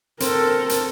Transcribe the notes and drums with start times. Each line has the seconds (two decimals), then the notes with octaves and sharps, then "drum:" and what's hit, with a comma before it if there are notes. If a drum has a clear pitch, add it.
0.20 C4 A4 A#4, drum: hi-hat
0.69 drum: hi-hat